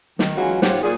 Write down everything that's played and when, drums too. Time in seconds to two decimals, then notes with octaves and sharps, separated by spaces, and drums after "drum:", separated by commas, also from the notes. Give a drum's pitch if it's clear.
0.19 D#3, drum: snare
0.37 E3 F#3 G#3 C#4 F4 F#4
0.62 G#2 F4 G4 C5 C#5 F#5, drum: snare
0.83 A#2 G#4